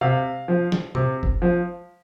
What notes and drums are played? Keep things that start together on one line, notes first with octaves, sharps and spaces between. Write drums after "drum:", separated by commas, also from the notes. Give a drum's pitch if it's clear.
C3 F5
F3
drum: snare
C3, drum: tom
drum: kick F#1
F3